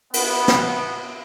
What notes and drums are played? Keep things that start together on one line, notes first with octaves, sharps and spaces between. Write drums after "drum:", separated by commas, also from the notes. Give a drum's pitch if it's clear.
B3, drum: cymbal
drum: snare